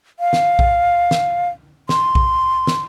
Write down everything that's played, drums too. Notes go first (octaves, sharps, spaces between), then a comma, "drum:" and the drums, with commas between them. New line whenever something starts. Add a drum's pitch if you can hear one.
F5
drum: snare
drum: kick A#1
drum: snare
C6, drum: snare
drum: kick A#1
drum: snare